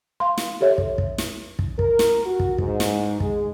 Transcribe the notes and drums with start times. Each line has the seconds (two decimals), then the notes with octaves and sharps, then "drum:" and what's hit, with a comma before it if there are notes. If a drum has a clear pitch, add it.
0.20 F5 C6
0.38 drum: snare
0.61 G4 A4 C#5 E5
0.78 drum: kick
0.98 drum: kick
1.18 drum: snare
1.59 drum: kick
1.79 A#4, drum: kick
1.99 drum: snare
2.25 F#4
2.40 drum: kick
2.58 G#2, drum: kick
2.80 drum: snare
3.20 G#3, drum: kick